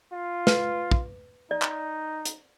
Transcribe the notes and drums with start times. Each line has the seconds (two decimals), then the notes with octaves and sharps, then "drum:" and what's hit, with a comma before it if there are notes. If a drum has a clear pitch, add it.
0.12 F4
0.47 B4, drum: snare
0.91 drum: kick
1.51 D#4 D5
1.62 drum: clap
2.25 drum: hi-hat